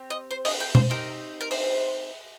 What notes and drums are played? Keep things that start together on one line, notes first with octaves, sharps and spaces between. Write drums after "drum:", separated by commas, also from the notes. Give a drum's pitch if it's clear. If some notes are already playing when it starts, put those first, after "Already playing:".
Already playing: C4 G4
D#5
C5
D#5, drum: open hi-hat
G5
C5, drum: tom B2
C4 D#4 G4 A#4
A#4
C5, drum: open hi-hat